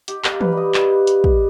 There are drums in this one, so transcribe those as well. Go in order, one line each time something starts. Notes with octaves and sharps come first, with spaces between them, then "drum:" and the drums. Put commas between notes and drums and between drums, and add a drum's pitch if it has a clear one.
D#4 G4, drum: hi-hat
A#4, drum: clap
A#3
B4, drum: tom E3
G3
D#5
G3, drum: clap
drum: hi-hat
drum: kick